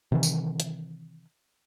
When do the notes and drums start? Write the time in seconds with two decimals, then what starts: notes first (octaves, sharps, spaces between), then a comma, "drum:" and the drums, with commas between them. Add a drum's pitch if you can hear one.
0.12 C3 D#3 E3
0.23 drum: tambourine
0.60 drum: hi-hat